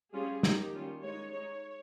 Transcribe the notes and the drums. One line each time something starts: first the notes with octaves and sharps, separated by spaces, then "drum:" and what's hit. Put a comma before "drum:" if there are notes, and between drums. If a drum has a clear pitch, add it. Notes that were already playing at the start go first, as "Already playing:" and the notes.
G3 C#4 F4 G#4
D#3 A#3 D#4 G4, drum: snare
D#3 G3 C#4 F4
G#3 D#4 C#5
G#3 D#4 C#5